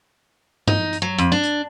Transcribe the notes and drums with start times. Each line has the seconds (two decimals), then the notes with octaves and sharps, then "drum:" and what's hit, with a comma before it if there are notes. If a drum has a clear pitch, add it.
0.67 D#4, drum: tom G2
0.93 drum: hi-hat
1.02 F#3
1.18 F2, drum: hi-hat
1.32 D4
1.43 drum: hi-hat